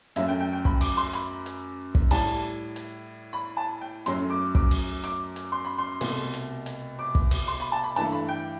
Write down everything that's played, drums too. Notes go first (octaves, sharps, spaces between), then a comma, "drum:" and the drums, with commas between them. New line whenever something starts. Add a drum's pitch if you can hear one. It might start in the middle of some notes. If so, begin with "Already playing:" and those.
F#2 F#3 A3 E5, drum: hi-hat
G5
G5
G5
B5, drum: kick
D6, drum: open hi-hat
C6
B5, drum: hi-hat
drum: hi-hat
drum: kick
A2 G3 A5, drum: open hi-hat
drum: hi-hat
B5
A5
G5
F#2 F#3 A3 C6, drum: hi-hat
D6
D6, drum: kick
drum: open hi-hat
D6, drum: hi-hat
drum: hi-hat
C6
B5
C6
C2 B2 A3, drum: open hi-hat
drum: hi-hat
drum: hi-hat
D6
drum: kick
drum: open hi-hat
C6
B5
A5
B5
G2 E3 A3 A5, drum: hi-hat
B5
G5